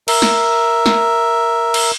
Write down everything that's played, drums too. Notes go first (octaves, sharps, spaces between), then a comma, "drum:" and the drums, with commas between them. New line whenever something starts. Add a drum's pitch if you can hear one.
A#4 E5, drum: cymbal
drum: snare
drum: snare
drum: cymbal